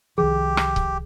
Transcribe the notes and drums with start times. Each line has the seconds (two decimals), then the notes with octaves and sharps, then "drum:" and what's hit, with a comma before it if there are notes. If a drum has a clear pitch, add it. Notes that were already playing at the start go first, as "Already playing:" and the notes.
0.18 C2 D#3 F3 G4 G#4
0.57 drum: rim click
0.76 drum: kick C#1